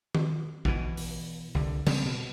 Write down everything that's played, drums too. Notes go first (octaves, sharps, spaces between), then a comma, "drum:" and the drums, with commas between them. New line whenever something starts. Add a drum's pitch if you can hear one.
drum: tom D#3
B2 E3, drum: kick A#1
drum: open hi-hat
C2 D3
C#3 G3 B3 C4, drum: cymbal
B2